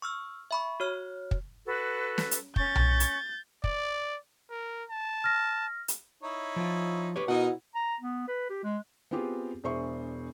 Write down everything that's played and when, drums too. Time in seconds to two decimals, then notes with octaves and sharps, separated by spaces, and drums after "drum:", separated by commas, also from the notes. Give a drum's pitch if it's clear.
0.02 C#6 E6 F6
0.51 E5 B5 C#6
0.80 F#4 C#5 F6
1.31 drum: kick
1.67 F#4 A4 B4
2.18 drum: snare
2.31 drum: hi-hat
2.56 C#4 C#6 G6 A6, drum: kick
2.75 drum: tom B1
3.00 drum: hi-hat
3.64 D5, drum: kick
4.50 A#4
4.90 A5
5.24 F6 A#6
5.88 drum: hi-hat
6.23 D#4 E4 C#5
6.56 F3 F4
7.16 G4 B4 C#5
7.28 B2 D#4 E4 A#4 D#5 F#5
7.75 A#5
8.01 B3
8.28 B4
8.50 G4
8.64 G#3
9.11 B3 C4 F4 G4 G#4
9.64 E1 D4 G#4 C5 E5 C#6